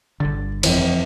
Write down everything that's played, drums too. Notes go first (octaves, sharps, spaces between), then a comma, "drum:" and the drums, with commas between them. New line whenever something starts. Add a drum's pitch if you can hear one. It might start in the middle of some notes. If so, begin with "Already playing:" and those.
G1 D3 A6
F2 E3, drum: cymbal